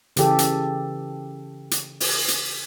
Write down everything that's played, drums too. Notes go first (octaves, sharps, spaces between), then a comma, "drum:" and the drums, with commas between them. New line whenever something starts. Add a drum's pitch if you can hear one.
C#3 E3 G4 A4, drum: hi-hat
drum: hi-hat
drum: hi-hat
drum: open hi-hat
drum: hi-hat